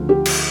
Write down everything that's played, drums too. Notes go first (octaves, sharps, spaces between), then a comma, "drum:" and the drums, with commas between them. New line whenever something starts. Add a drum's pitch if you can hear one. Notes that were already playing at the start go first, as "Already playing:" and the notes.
Already playing: D2 C#3 F3
G4
drum: cymbal